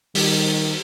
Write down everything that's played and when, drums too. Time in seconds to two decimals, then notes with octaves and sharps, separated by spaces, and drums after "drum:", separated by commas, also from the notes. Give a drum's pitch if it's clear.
0.15 D#3 G3, drum: open hi-hat